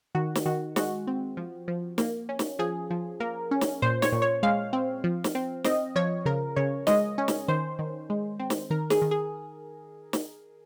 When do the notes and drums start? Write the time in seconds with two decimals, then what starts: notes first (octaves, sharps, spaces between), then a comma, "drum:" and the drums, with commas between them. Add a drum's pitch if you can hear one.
0.15 D#3 F#4
0.35 drum: snare
0.45 D#3 F#4
0.76 G#3 F#4, drum: snare
1.07 C4
1.37 F3
1.68 F3
1.98 A#3, drum: snare
2.29 C#4
2.39 drum: snare
2.59 F3 G#4
2.90 F3
3.20 A#3 A#4
3.51 C#4
3.61 drum: snare
3.82 A#2 C5
4.02 C#5, drum: snare
4.12 A#2
4.22 C#5
4.43 G#3 F5
4.73 C4
5.04 F3
5.24 drum: snare
5.35 C4
5.64 C4 D#5, drum: snare
5.95 F3 C#5
6.26 C#3 A#4
6.56 C#3 C#5
6.87 G#3 D#5, drum: snare
7.18 C#4
7.28 drum: snare
7.48 D#3 C5
7.79 D#3
8.10 G#3
8.39 C4
8.50 drum: snare
8.70 D#3 A#4
8.90 G#4, drum: snare
9.02 D#3
9.11 G#4
10.13 drum: snare